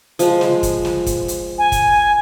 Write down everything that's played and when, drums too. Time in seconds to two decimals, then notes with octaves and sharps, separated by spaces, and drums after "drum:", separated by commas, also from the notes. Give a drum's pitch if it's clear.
0.19 F3 G#3, drum: hi-hat
0.41 drum: snare
0.63 drum: kick, hi-hat
0.85 drum: snare
1.06 drum: kick, hi-hat
1.28 drum: hi-hat
1.58 G#5
1.72 drum: kick, hi-hat